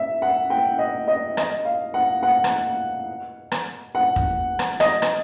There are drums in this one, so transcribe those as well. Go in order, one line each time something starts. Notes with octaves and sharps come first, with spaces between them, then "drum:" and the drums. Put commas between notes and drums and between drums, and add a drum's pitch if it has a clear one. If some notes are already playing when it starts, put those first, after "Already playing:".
Already playing: E5
F#5
G5
D#5
D#5
D#5, drum: rim click
F5
F#5
F#5
drum: rim click
drum: rim click
F#5
drum: kick
drum: rim click
D#5, drum: rim click
drum: rim click